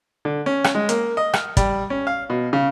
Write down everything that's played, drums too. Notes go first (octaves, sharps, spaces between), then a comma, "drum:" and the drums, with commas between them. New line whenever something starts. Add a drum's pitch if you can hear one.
D3
C#4
drum: rim click
G#3
A#3, drum: hi-hat
D#5
F6, drum: rim click
G3, drum: kick, hi-hat
C#4
F5
B2
C#3